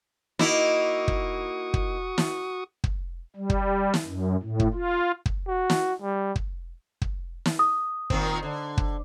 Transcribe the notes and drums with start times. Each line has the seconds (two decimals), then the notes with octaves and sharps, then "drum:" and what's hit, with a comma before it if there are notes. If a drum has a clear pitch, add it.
0.39 A#3 D#4 E4 F#4 C#6 D#6, drum: snare
1.08 drum: kick
1.74 drum: kick
2.18 drum: snare
2.84 drum: kick
3.36 G3
3.50 drum: kick
3.94 drum: snare
4.05 F#2
4.43 A2
4.60 drum: kick
4.74 F4
5.26 drum: kick
5.48 F#4
5.70 drum: snare
6.01 G3
6.36 drum: kick
7.02 drum: kick
7.46 drum: snare
7.59 D#6
8.10 A#2 D#3 C4, drum: kick
8.43 D3
8.77 drum: kick